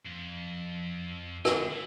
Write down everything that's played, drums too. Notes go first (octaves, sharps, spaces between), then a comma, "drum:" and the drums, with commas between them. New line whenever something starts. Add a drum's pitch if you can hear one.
F2
D3, drum: rim click
E3